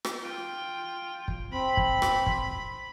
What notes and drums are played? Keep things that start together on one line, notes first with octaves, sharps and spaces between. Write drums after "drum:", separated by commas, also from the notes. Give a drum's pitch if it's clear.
drum: rim click
F4 G5
drum: kick
C4 B5
drum: kick
drum: rim click
drum: kick